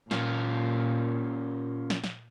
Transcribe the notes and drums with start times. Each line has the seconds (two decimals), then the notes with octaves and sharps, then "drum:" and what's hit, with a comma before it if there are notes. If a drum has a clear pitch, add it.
0.11 A#2 A#3 C#4 F4, drum: snare
1.90 drum: snare
2.04 drum: snare